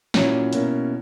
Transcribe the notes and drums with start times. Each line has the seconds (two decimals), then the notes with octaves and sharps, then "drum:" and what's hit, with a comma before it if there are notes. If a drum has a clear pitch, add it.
0.14 A#2 F#3 C#4 E4, drum: snare
0.53 B2 A#3 C#4 E4, drum: hi-hat